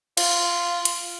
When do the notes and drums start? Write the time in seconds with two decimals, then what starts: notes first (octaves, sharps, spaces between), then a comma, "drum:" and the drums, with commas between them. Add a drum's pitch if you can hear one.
0.17 F4, drum: cymbal
0.85 drum: hi-hat